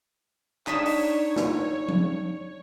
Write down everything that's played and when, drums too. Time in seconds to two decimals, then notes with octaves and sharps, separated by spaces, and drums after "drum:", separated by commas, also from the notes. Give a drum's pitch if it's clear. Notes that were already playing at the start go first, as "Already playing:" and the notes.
0.67 D4 D#4 C#5 D#6 B6 E7, drum: clap
0.86 drum: open hi-hat
1.36 drum: snare
1.88 drum: tom F3